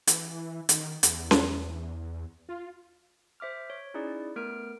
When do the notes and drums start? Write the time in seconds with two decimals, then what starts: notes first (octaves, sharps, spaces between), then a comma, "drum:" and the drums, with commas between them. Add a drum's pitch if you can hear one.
0.07 E3, drum: hi-hat
0.69 D#3, drum: hi-hat
1.03 E2, drum: hi-hat
1.31 drum: snare C#4
2.49 F4
3.40 C5 E5 D6 F6
3.70 C#5
3.94 C#4 D#4 E4 G#4 D5
4.36 A3 B3 A#4 F6 D7